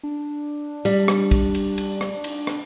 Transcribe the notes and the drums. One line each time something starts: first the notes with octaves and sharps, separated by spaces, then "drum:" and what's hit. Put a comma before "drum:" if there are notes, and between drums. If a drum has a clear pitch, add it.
D4
G3, drum: cymbal
drum: rim click
drum: kick, cymbal
drum: cymbal
drum: cymbal
drum: rim click
drum: cymbal
drum: rim click